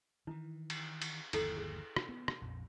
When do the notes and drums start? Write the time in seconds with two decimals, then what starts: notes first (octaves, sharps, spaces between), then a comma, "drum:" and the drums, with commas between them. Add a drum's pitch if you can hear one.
0.27 D#3 E3 E4
0.70 drum: cymbal
1.02 drum: cymbal
1.33 G1 D#2 F3 E4 A4, drum: cymbal
1.57 G#4
1.96 drum: rim click
2.09 B3
2.28 drum: rim click
2.42 A#1 F2